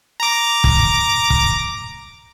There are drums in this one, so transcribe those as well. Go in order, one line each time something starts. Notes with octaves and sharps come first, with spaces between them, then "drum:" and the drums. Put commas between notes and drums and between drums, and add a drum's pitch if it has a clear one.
A#5 D6
drum: kick
drum: kick